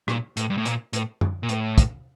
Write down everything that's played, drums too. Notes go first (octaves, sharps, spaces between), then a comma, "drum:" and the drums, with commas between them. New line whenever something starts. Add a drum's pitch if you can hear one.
A#2, drum: rim click
A2, drum: hi-hat
G2
A2
A#2, drum: hi-hat
A2, drum: hi-hat
drum: tom F#2
A#2
A2, drum: hi-hat
drum: kick, hi-hat